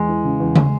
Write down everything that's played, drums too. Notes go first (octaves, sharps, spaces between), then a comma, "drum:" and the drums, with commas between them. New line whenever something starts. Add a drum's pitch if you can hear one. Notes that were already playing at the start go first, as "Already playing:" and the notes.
Already playing: E2 G#3
E3
C#3
E2
drum: tom C#3